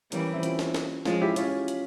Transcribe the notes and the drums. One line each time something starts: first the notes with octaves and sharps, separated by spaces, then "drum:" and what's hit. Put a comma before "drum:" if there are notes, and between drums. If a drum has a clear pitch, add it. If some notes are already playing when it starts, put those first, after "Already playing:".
E3 G3 A#3 C#4, drum: hi-hat
C4 E4
C#4 F4, drum: hi-hat
drum: snare
drum: snare
F3 G#3 C#4 F4, drum: snare
E4 G4
C#4 F4, drum: hi-hat
drum: hi-hat